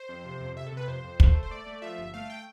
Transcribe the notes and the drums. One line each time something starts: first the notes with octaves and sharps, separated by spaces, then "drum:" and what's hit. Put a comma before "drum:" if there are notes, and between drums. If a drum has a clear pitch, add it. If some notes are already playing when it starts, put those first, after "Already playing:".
Already playing: C5
F2
C3
F2
C3 E5
A4
C3 B4
F2 C5
F2
A3, drum: kick
A3
C5
A3 D5
A3
F3 E5
G1
A3 F5
G5